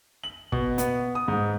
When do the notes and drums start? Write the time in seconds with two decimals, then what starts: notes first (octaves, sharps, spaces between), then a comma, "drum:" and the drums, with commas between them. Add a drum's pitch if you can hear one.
0.24 F#7
0.52 B2, drum: kick
0.78 B3, drum: hi-hat
1.15 D#6
1.28 G#2